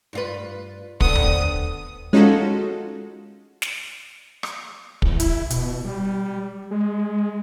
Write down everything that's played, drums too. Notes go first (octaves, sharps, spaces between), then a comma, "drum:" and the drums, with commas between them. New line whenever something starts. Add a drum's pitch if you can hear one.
G2 F4 B4
D3 B3 C4 D#6, drum: kick
drum: tom D#2
G#3 C#4 D#4 F4 F#4 A4
drum: snare
drum: rim click
E2, drum: kick
E4, drum: hi-hat
B2, drum: hi-hat
G3
G#3